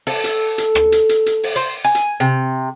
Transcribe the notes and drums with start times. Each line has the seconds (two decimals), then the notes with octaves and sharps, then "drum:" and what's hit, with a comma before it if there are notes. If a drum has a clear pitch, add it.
0.07 A4, drum: open hi-hat
0.24 drum: hi-hat
0.58 drum: hi-hat
0.75 drum: rim click
0.92 drum: hi-hat
1.09 drum: hi-hat
1.26 drum: hi-hat
1.43 drum: open hi-hat
1.56 C5
1.84 G#5
1.95 drum: hi-hat
2.20 C3